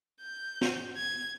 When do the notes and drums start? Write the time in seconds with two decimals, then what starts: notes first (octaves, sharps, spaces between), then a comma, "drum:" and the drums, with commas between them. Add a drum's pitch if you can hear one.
0.22 G6
0.61 drum: snare
0.97 G#6